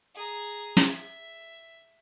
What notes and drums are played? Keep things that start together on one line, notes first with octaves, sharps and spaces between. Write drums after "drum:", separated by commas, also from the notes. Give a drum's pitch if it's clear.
G#4 A#5
drum: snare
E5